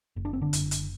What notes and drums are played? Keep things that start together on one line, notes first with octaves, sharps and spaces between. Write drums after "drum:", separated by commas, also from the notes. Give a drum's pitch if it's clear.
F#1
D4
C4
D3 D4
F#1, drum: hi-hat
drum: hi-hat